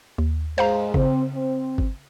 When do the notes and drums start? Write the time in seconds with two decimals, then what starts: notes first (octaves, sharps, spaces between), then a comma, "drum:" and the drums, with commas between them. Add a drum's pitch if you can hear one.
0.18 D#2
0.58 G#2 G#3 C5 F5 A#5, drum: cymbal
0.94 C#3 C4, drum: kick G1
1.35 C4
1.78 drum: kick G1